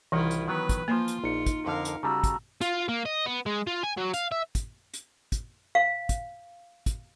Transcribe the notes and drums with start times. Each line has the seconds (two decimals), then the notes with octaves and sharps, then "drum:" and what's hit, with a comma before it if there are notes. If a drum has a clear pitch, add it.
0.12 C2 D#3 E3 E4 F4 F#5
0.31 drum: hi-hat
0.48 D#3 F#3 B3 B4
0.69 drum: kick, hi-hat
0.88 F3 A#3 F4 C5 A#5
1.08 drum: hi-hat
1.24 A#1 D#4 C#7
1.46 drum: kick, hi-hat
1.66 F2 D3 A#4 F5
1.85 drum: hi-hat
2.03 C#3 G3 F#4 A5 A#5 E6
2.24 drum: kick, hi-hat
2.61 F4, drum: hi-hat
2.89 A#3
3.05 D#5
3.26 B3
3.46 G#3
3.67 F4
3.83 G#5
3.97 F#3
4.14 F5, drum: hi-hat
4.31 E5
4.55 drum: kick, hi-hat
4.94 drum: hi-hat
5.32 drum: kick, hi-hat
5.75 F5
6.09 drum: kick, hi-hat
6.86 drum: kick, hi-hat